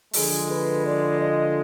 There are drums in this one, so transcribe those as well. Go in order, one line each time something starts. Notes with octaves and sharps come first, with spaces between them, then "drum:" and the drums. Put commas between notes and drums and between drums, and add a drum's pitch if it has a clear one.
D3 F3 G#3 G#4, drum: open hi-hat
B4
D5
D#5